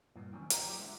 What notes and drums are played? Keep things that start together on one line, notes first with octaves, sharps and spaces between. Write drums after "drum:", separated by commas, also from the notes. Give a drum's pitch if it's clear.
G2 A#2
D#3 F#3 C4 C#4
D4 D#4 C5 D5 G5 A#5, drum: hi-hat
F#3 F4 G4 G#4
G#3 D4 F4 E5 F#5